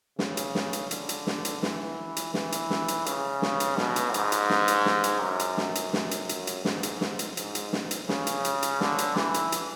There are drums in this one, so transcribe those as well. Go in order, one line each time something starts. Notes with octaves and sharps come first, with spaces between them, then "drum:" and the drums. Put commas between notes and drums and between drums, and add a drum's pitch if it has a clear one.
C#3, drum: snare
drum: hi-hat
drum: snare
drum: hi-hat
D3, drum: hi-hat
drum: hi-hat
drum: snare
drum: hi-hat
E3, drum: snare
drum: hi-hat
E3, drum: snare
drum: hi-hat
drum: snare
drum: hi-hat
C#3, drum: hi-hat
drum: snare
drum: hi-hat
B2, drum: snare
drum: hi-hat
G#2, drum: hi-hat
drum: hi-hat
drum: snare
drum: hi-hat
drum: snare
drum: hi-hat
F#2
drum: hi-hat
drum: snare
drum: hi-hat
drum: snare
drum: hi-hat
drum: hi-hat
drum: hi-hat
G#2, drum: snare
drum: hi-hat
drum: snare
drum: hi-hat
G#2, drum: hi-hat
drum: hi-hat
drum: snare
drum: hi-hat
C#3, drum: snare
drum: hi-hat
drum: hi-hat
drum: hi-hat
D3, drum: snare
drum: hi-hat
E3, drum: snare
drum: hi-hat
drum: hi-hat